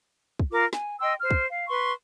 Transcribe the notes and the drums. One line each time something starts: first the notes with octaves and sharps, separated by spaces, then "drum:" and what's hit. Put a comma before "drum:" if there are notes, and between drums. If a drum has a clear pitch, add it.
drum: kick
F4 A#4 D6
G#5, drum: snare
D#5 G5 C6 E6
C5 F6
drum: kick
F5
B4 C6 C#6